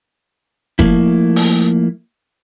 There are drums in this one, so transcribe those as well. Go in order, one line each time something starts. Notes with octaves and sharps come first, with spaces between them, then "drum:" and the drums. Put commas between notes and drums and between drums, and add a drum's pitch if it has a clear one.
F3 A3 A#3 E4, drum: kick F#1
drum: open hi-hat